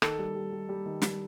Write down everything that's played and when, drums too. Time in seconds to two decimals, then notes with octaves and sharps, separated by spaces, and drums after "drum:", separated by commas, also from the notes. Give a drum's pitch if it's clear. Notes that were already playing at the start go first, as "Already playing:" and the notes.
0.02 D#3 A4, drum: rim click
0.19 G3
0.35 G3
0.52 G3
0.69 G3
0.86 D#3
1.02 G3, drum: snare